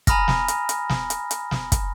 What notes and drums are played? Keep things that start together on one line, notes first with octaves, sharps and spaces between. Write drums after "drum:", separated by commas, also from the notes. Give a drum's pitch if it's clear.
G#5 A#5 B5 D#6 F6 A#6, drum: kick, hi-hat
drum: snare
drum: hi-hat
drum: hi-hat
drum: snare
drum: hi-hat
drum: hi-hat
drum: snare
drum: kick, hi-hat